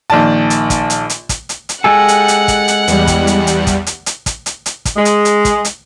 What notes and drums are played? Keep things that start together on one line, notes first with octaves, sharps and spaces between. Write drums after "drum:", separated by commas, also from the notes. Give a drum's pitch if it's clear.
A#1 D#3 D5 A5
drum: hi-hat
drum: kick, hi-hat
drum: hi-hat
drum: hi-hat
drum: kick, hi-hat
drum: hi-hat
drum: hi-hat
G#3 G4 A4 F#5 G#5 E6 F#6
drum: hi-hat
drum: hi-hat
drum: kick, hi-hat
drum: hi-hat
E2 G3, drum: hi-hat
drum: kick, hi-hat
drum: hi-hat
drum: hi-hat
drum: kick, hi-hat
drum: hi-hat
drum: hi-hat
drum: kick, hi-hat
drum: hi-hat
drum: hi-hat
drum: kick, hi-hat
G#3
drum: hi-hat
drum: hi-hat
drum: kick, hi-hat
drum: hi-hat